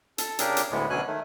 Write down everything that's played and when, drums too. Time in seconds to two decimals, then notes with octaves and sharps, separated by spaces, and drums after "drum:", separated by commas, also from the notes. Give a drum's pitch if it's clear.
0.18 A4, drum: hi-hat
0.39 C#3 D4 G4 G#4 A#4, drum: hi-hat
0.57 drum: hi-hat
0.71 D2 A2 G#3 B3
0.90 D2 B2 F#3 C#4 G#5 F#6
1.07 D#3 A3